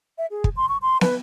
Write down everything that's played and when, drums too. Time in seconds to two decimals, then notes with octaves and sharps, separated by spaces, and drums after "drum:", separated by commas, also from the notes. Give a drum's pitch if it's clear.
0.18 E5
0.31 G#4
0.44 drum: kick
0.56 C6
0.69 C#6
0.82 C6
1.01 B4, drum: snare